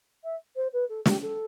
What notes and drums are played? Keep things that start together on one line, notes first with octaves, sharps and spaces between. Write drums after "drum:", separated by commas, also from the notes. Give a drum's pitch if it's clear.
E5
C5
B4
A4
G4, drum: snare
A4